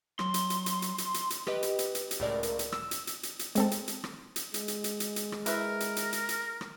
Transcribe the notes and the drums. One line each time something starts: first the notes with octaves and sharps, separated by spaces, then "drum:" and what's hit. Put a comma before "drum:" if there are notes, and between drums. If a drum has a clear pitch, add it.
F#3 C6, drum: rim click
drum: hi-hat
drum: hi-hat
drum: hi-hat
drum: hi-hat
drum: hi-hat
drum: hi-hat
drum: hi-hat
G4 B4 D#5, drum: rim click
drum: hi-hat
drum: hi-hat
drum: hi-hat
drum: hi-hat
C#2 A2 A#4 D5
drum: hi-hat
drum: hi-hat
E6, drum: rim click
drum: hi-hat
drum: hi-hat
drum: hi-hat
drum: hi-hat
G#3 C4 A4, drum: hi-hat
drum: hi-hat
drum: hi-hat
drum: rim click
drum: hi-hat
G#3, drum: hi-hat
drum: hi-hat
drum: hi-hat
drum: hi-hat
drum: hi-hat
drum: rim click
E4 A#4 B4 E5, drum: hi-hat
drum: hi-hat
drum: hi-hat
drum: hi-hat
drum: hi-hat
drum: rim click